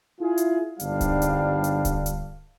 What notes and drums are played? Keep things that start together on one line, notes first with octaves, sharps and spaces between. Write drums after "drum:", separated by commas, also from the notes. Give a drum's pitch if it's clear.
E4 F4 G#4
drum: hi-hat
G1 G#2 D3 G3 D4 F5, drum: hi-hat
drum: kick D1, hi-hat
drum: hi-hat
drum: hi-hat
drum: kick D1, hi-hat
drum: hi-hat